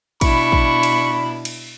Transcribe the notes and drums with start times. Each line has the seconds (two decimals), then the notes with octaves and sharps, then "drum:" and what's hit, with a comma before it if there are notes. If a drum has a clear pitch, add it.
0.21 B2 D4 E4 B5 C#6, drum: kick, cymbal
0.52 drum: kick
0.83 drum: cymbal
1.45 drum: cymbal